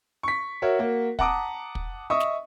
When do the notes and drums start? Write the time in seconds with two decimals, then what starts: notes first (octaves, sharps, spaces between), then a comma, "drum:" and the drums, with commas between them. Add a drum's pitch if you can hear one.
0.23 C#6 B6
0.62 F#4 A#4 C#5 E5
0.79 A#3 F#4
1.19 F#5 A5 A#5 D6 D#6, drum: kick
1.75 drum: kick
2.10 D#5 E5 C#6 D#6
2.20 drum: snare